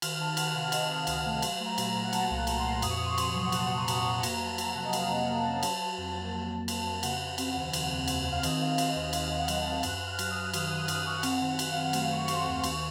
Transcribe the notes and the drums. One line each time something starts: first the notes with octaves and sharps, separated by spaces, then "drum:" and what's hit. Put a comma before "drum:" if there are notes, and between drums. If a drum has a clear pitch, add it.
D#3 F6, drum: cymbal
D#3 A5
D#3 F#5, drum: cymbal
C3 F5
C3 D#5, drum: cymbal
D#3
F5
C#2 D#5, drum: cymbal
A3
F#3 F5, drum: cymbal
A3
A#5
A#2, drum: cymbal
A#5
A#2
F#5
F#3 A5, drum: cymbal
C2
A#5
A#2, drum: cymbal
C6
A#2
F2 D#6, drum: cymbal
C#6
F2 D#6
C6
C3, drum: cymbal
C6
F#3
F#5
F2 A5, drum: cymbal
C3
A#5
C3 C#6, drum: cymbal
C6
F2
A#3 A#5, drum: cymbal
F#3
A5
F#3, drum: cymbal
F#5
C3
D#5
A#3 F5, drum: cymbal
C3
F#5
A#3
A5
C#4
F#3 A5, drum: cymbal
F#3
F2
A#3
F2
F2
A#3, drum: cymbal
F2
C#3 F#5, drum: cymbal
C#3
C4, drum: cymbal
D#2
D#2, drum: cymbal
C#3
D#2, drum: cymbal
C4
F5
D#3 D#5, drum: cymbal
D#3 F5
D#3 F5, drum: cymbal
D#2 D#5
D#2 F5, drum: cymbal
D#2
F#5
F#3 F#5, drum: cymbal
A5
D#2
F#2 F#6, drum: cymbal
F#2
F6
F#3, drum: cymbal
D#6
F#3
D#3, drum: cymbal
D#3 D#6
F#2 D#6, drum: cymbal
F#2 C#6
C4 F#5, drum: cymbal
D#3
F#5
C4 F#5, drum: cymbal
F5
D#3
A3 F5, drum: cymbal
A3 C#6
C#6
C4 C6, drum: cymbal
D#2 C#6
D#3 C#6, drum: cymbal